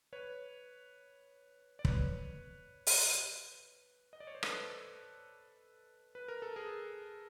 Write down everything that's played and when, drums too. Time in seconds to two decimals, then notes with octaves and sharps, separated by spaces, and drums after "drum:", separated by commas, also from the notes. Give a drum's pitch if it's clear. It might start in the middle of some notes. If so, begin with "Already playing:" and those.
0.13 B4 C#5
1.79 D5
1.85 B4 C#5, drum: kick
2.87 drum: open hi-hat
4.13 D#5
4.20 D5
4.27 C#5
4.35 C5
4.43 A4 B4, drum: rim click
6.15 B4
6.28 A#4
6.42 A4
6.56 G#4 A#4